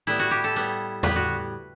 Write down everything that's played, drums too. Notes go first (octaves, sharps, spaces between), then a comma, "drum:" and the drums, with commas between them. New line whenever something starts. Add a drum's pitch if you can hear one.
A2 G3 B3 E4
F#4
G4
A4
A2 G3 B3
A2 G3 B3 B4, drum: tom E2
F#4